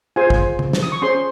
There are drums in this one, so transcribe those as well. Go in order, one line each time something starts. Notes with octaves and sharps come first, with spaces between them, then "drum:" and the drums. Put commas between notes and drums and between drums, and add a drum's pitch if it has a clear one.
F4 G#4 C5 G#5
drum: kick
drum: tom
drum: snare
D#6
C#6
C#4 G#4 C5 C6